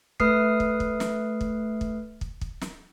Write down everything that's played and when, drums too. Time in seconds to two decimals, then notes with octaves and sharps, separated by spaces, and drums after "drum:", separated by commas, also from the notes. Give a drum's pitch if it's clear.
0.20 A3 B4 D#6 F6 C7, drum: kick
0.60 drum: kick
0.80 drum: kick
1.00 drum: snare
1.41 drum: kick
1.81 drum: kick
2.21 drum: kick
2.41 drum: kick
2.62 drum: snare